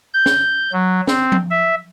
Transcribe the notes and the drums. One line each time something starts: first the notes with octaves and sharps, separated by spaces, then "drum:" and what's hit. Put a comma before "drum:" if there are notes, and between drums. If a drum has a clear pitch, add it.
G6
drum: snare
F#3
C4, drum: snare
drum: tom F3
E5